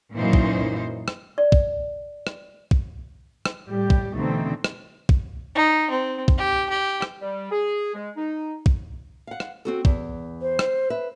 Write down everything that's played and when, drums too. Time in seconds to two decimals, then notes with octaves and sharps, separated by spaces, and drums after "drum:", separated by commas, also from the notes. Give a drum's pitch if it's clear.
0.16 F#2 A#2 E3 D#4 C5
0.33 drum: kick
1.08 drum: rim click
1.38 D5
1.52 drum: kick
2.27 drum: rim click
2.71 drum: kick
3.45 drum: rim click
3.66 A2 G3 G4
3.90 drum: kick
4.14 B2 D3 E3 A3 C4 D#4
4.64 drum: rim click
5.09 drum: kick
5.55 D#4
5.90 C4
6.28 drum: kick
6.37 G4
6.69 G4
7.02 drum: rim click
7.22 G3
7.51 G#4
7.95 G#3
8.17 D#4
8.66 drum: kick
9.27 F5 F#5
9.40 drum: rim click
9.65 C4 F#4 A4
9.85 E2, drum: kick
10.42 C5
10.59 drum: rim click
10.90 B4 E5